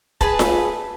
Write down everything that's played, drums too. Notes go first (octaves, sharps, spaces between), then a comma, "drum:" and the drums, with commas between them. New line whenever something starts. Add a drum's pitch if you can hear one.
G#4 B4 A5, drum: kick E1
drum: snare F4